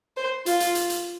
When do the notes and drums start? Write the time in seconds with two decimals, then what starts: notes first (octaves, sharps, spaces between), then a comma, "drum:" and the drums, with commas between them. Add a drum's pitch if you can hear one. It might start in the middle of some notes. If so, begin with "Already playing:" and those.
0.16 C5
0.46 F4, drum: hi-hat
0.60 drum: hi-hat
0.75 drum: hi-hat
0.90 drum: hi-hat